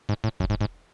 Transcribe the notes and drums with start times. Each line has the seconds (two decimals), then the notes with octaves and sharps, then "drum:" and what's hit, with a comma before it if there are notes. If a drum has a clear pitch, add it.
0.09 G#2
0.24 A2
0.40 F#2, drum: kick E1
0.50 G#2
0.61 G#2